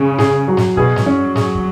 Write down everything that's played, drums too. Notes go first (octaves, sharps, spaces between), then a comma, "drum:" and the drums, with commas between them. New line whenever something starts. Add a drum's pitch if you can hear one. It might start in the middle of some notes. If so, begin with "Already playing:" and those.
Already playing: C#3 G#4
G#4, drum: snare
F#3
drum: snare
B2 G#4, drum: kick
drum: snare
F#3 C#4
G#4, drum: snare
drum: kick